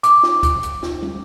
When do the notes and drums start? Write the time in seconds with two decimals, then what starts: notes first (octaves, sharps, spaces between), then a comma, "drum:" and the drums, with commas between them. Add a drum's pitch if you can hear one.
0.03 D6, drum: hi-hat
0.23 drum: snare
0.43 drum: kick, hi-hat
0.63 drum: hi-hat
0.83 drum: snare
1.03 drum: tom